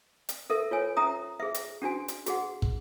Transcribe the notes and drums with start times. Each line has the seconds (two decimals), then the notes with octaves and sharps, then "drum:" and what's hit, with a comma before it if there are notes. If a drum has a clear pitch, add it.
0.29 drum: hi-hat
0.50 A4 A#4 E5
0.71 F4 C#5 G#5
0.97 C#4 E5 A#5 D#6
1.40 G#4 E5
1.54 drum: hi-hat
1.82 C#4 D4 F#4 G#5
2.08 drum: hi-hat
2.26 F#4 G#4 F#5, drum: hi-hat
2.62 drum: kick